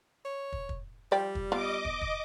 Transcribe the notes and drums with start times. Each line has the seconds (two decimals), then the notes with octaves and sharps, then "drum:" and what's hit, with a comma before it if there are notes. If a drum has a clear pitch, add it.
0.25 C#5
0.52 drum: kick
0.69 drum: kick
1.12 F3 G3 D5 G5
1.35 drum: kick
1.52 B3 F4 D#5 D6
1.85 drum: kick
2.01 drum: kick